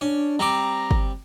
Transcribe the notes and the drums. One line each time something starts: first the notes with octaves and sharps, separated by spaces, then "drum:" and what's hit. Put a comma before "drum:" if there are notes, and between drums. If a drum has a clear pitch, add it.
C#4 D4
G3 C4 A#5 D6
drum: kick